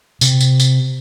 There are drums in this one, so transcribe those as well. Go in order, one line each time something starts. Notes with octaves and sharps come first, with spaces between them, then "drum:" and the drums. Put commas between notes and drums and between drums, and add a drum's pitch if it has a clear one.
C3, drum: tambourine
drum: tambourine
drum: tambourine